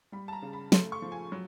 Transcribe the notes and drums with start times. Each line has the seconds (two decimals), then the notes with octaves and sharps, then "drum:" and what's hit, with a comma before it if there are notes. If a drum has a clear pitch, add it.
0.12 G3 B5
0.28 A5
0.33 A#5
0.42 C#3
0.53 B5
0.72 A3 C6, drum: snare
0.92 C#6
1.02 F3
1.12 G#5
1.32 F#3